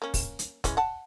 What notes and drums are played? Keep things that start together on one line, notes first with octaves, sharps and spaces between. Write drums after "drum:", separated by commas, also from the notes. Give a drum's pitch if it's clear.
A#3 C#4
drum: kick, open hi-hat
drum: hi-hat
E3 G#3 C#4, drum: kick, hi-hat
F#5 A5